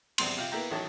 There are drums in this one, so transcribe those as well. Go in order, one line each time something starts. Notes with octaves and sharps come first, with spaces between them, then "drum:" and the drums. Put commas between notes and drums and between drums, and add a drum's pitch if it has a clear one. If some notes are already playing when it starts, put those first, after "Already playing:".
A#1 E2 G3 C4 C6, drum: cymbal
C3 F4 G5
A#3 B3 E4 G5 A#5
A1 D#3 F#3 C#5 A5